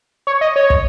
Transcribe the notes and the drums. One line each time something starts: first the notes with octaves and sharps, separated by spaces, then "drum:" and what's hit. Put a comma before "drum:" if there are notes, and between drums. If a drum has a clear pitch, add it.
C#5
D#5
C#5
drum: kick